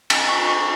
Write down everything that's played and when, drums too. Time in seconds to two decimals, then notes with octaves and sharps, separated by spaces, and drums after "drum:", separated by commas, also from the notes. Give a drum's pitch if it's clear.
0.10 B6, drum: cymbal
0.29 C#6
0.47 C#6